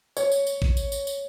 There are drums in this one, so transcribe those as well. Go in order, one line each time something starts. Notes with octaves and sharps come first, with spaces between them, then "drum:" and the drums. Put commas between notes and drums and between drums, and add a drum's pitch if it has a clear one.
C#5, drum: tambourine
drum: tambourine
drum: tambourine
drum: kick A#1
drum: tambourine
drum: tambourine
drum: tambourine